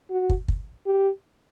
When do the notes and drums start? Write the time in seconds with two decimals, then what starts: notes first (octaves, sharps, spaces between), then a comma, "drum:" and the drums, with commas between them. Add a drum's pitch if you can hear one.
0.10 F#4
0.30 drum: kick
0.48 drum: kick
0.86 G4